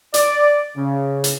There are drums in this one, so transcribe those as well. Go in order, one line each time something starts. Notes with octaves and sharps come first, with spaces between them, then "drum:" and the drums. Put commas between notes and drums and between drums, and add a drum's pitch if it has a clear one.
D5, drum: hi-hat
C#3
drum: hi-hat